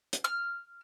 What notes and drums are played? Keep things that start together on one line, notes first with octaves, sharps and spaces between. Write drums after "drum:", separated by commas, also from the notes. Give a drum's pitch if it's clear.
drum: hi-hat
F6